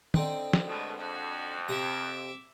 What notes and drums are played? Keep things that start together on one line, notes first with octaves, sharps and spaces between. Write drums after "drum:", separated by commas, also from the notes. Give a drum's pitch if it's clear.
D3 C4 D#4, drum: tom
drum: snare
A1 D#2 B2 G#3 A3
F2 F#4
C3 E5 A#5 D6